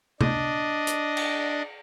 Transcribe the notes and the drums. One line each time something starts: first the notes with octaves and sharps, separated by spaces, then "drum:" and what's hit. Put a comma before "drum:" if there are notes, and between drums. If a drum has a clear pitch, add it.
D4 D#5, drum: tom C3
drum: hi-hat
drum: cymbal